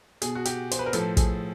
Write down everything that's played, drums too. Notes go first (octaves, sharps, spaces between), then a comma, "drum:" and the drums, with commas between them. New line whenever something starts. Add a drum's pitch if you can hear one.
B2 G#4, drum: hi-hat
F#4
G4, drum: hi-hat
C5, drum: hi-hat
B4
A#4
A2 F3 A4, drum: hi-hat
G#4, drum: kick, hi-hat